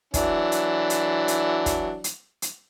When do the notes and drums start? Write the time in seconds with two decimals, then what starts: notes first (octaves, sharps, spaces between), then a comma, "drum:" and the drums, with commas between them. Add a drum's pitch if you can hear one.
0.14 E3 F#3 D4, drum: kick, hi-hat
0.52 drum: hi-hat
0.90 drum: hi-hat
1.28 drum: hi-hat
1.66 drum: kick, hi-hat
2.04 drum: hi-hat
2.42 drum: hi-hat